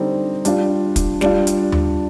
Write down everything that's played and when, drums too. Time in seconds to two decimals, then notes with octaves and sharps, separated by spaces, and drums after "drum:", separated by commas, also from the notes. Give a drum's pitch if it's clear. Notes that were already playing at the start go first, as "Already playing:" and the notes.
Already playing: D3 G3 C4 D#4
0.45 G3 D4 F4, drum: hi-hat
0.96 drum: kick, hi-hat
1.21 G3 D4 F4, drum: snare
1.47 drum: hi-hat
1.72 drum: tom D#2